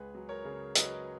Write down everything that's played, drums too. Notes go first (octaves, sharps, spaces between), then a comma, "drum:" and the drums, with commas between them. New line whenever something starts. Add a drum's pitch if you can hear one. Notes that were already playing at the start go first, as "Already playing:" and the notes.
Already playing: C#2 G#4 B4
F#3
A#4 C#5
C#3
F#3 B4 D#5, drum: hi-hat